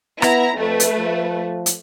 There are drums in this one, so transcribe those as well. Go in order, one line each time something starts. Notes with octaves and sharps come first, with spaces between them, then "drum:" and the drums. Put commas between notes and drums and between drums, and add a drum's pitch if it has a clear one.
B3 E4 A#5, drum: rim click
F2 A3 B4
drum: hi-hat
F3
drum: hi-hat